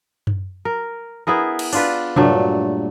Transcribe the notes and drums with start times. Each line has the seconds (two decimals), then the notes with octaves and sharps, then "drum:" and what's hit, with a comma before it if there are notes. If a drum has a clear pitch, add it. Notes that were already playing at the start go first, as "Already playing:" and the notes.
0.27 drum: tom F#2
0.65 A#4
1.27 B3 E4 G#4 A#4
1.59 drum: cymbal
1.73 D4 F4 B4, drum: open hi-hat
2.16 G2 A#2 F#3 A3, drum: tom C3